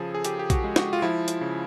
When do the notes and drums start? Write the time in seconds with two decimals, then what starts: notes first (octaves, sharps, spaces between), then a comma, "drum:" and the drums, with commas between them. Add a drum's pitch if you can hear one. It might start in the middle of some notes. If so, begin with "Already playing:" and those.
Already playing: C#3 F3 G#4 A4
0.15 G#4
0.25 C#3 G4, drum: hi-hat
0.39 G4
0.50 F#4, drum: kick A#1, hi-hat
0.64 G#3
0.76 F#4, drum: snare
0.93 F4
1.02 F3 E4
1.28 drum: hi-hat
1.41 C#3